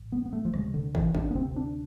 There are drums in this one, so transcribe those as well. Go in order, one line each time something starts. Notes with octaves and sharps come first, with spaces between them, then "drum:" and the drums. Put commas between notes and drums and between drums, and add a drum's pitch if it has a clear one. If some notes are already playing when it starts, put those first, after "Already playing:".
Already playing: A1 A2
B3
B3
A3
F3
D2 C3 G#3, drum: rim click
D3
E3, drum: kick
D4, drum: kick
B3
D2 C3 C4
D4